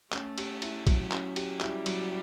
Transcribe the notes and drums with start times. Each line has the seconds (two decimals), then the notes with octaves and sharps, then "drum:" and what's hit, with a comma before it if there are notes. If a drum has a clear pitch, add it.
0.13 A3 C#4, drum: clap
0.38 G4, drum: cymbal
0.62 E4, drum: cymbal
0.87 F#3, drum: kick, cymbal
1.12 C#4, drum: clap
1.36 G4, drum: cymbal
1.61 G3 E4, drum: clap
1.86 F#3, drum: cymbal